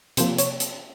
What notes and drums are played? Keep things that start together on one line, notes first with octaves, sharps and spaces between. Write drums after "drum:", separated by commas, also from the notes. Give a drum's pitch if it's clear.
C3 F3 A#3 C5, drum: hi-hat
C#5, drum: hi-hat
drum: hi-hat